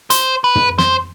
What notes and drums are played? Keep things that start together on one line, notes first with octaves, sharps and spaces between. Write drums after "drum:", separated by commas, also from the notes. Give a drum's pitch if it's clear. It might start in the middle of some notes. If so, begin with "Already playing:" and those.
C5, drum: hi-hat
B4
drum: tom
C5, drum: snare